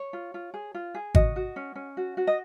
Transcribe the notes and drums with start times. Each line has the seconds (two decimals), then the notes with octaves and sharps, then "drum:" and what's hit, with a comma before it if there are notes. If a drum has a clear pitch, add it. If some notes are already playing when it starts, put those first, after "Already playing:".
Already playing: C#5
0.13 F4
0.34 F4
0.54 G#4
0.74 F4
0.95 G#4
1.15 F#4 D#5, drum: kick G#1
1.36 F#4
1.56 C#4
1.76 C#4
1.97 F#4
2.17 F#4
2.27 D#5